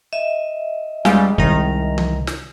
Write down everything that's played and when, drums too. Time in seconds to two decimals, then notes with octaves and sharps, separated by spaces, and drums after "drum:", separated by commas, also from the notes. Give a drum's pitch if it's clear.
0.13 D#5 E5
1.05 G3 G#3 F5 G#5, drum: snare
1.38 C2 D#3 A#5, drum: kick
1.98 drum: tom D#3
2.27 drum: snare